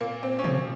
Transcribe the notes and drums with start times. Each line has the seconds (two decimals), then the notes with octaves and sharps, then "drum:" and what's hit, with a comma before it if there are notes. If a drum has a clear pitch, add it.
0.01 A#2 A#3
0.23 C4
0.39 C#4
0.44 F3 C4, drum: tom